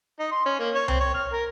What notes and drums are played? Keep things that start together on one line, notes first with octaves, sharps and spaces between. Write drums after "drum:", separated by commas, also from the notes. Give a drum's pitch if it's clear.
D#4
C6
C#4
A#3
C#5
C4, drum: tom C2
C#5
F6
A#4